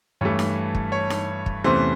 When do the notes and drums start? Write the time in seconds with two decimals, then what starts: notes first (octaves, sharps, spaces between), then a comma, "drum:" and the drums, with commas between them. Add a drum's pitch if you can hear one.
0.21 G2 E3 A3 C#5
0.39 drum: snare D#4
0.75 drum: kick
0.92 C#5
1.10 drum: snare D#4
1.46 drum: kick
1.64 E2 C3 E3 A3 C#4 C5